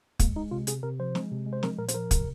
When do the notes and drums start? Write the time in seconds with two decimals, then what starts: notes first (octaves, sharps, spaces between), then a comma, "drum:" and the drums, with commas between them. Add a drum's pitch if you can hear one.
0.19 G#3 A#3, drum: kick, hi-hat
0.36 G#3 D#4
0.51 C3 F4
0.67 C3 G#4, drum: hi-hat
0.83 C3 A#4
1.00 F3 C5
1.15 G#3, drum: snare
1.31 C3
1.46 G#3
1.53 C5
1.63 F3 A#4, drum: snare
1.78 A#2 A#4
1.88 C5, drum: hi-hat
1.94 F3 A#4
2.11 C3, drum: kick, hi-hat